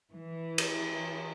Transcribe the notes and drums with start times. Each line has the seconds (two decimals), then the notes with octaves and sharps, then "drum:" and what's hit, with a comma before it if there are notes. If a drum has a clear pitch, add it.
0.12 E3
0.58 drum: cymbal